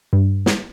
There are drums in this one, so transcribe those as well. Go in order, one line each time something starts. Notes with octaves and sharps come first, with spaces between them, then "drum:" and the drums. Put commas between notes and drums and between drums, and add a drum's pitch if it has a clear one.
G2
drum: snare